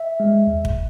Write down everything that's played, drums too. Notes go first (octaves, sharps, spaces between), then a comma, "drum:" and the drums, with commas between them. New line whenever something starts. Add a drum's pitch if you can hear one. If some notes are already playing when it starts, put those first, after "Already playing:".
Already playing: E5
G#3
D#2
drum: kick